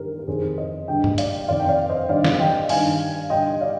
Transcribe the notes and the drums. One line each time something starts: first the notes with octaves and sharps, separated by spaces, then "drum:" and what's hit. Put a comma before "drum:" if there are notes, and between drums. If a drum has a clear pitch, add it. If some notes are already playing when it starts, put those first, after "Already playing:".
Already playing: G2 D#3 G4 A#4 C5
A#4
F2 D#3 G#4 C5
C5 D#5
G2 D3 D#5 G5
drum: tom G2
D5 F5, drum: hi-hat
F2 D#3 D5 F5
G5
D5 F5
C5 D#5
G2 D#3 D5 F5
drum: snare
D#5 G5
G2 D#3 F5 G#5, drum: open hi-hat
G2 D3 D#5 G5
D5 F5